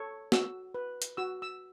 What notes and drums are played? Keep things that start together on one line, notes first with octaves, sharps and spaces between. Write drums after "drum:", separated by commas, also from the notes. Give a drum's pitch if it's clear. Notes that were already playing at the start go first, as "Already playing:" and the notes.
Already playing: A4 C#5
F#4 E6, drum: snare
B4
drum: hi-hat
F#4 E6
E6